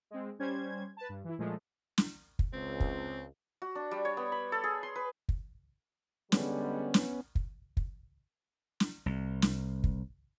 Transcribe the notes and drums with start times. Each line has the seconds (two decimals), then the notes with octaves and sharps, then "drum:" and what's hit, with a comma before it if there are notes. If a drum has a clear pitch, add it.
0.11 G#3 C4
0.39 G3 C#4 C5 G#6
0.97 B4 A5
1.09 G2
1.24 E3 E4
1.39 A#2 F3 G#3 A3
1.98 drum: snare
2.39 drum: kick
2.53 C#2 C4
2.80 drum: kick
3.62 F#4
3.75 D4
3.91 G3
4.05 C#5
4.17 B3
4.32 B5
4.52 A4
4.64 G#4
4.83 C6
4.96 B4
5.29 drum: kick
6.32 D3 G3 G#3 B3 C#4, drum: snare
6.94 drum: snare
7.35 drum: kick
7.77 drum: kick
8.80 drum: snare
9.06 C2
9.42 drum: snare
9.84 drum: kick